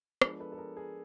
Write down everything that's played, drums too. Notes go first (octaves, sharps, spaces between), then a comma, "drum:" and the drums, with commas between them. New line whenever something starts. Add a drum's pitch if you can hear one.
F3 G#3 B3 D4 G#4 A#4, drum: rim click
A4 B4
A4
G#4 A#4
G#4 A#4